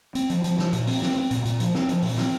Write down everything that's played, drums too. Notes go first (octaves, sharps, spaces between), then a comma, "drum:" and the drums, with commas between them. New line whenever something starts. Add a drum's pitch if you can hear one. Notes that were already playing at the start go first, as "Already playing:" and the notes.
C4, drum: hi-hat
F3, drum: hi-hat
F3, drum: hi-hat
F3, drum: snare
A#2, drum: hi-hat
C4, drum: open hi-hat
C4, drum: snare
C4
A#2, drum: hi-hat
A#2, drum: hi-hat
F3, drum: hi-hat
C4, drum: snare
F3, drum: hi-hat
A#2, drum: open hi-hat
C4, drum: snare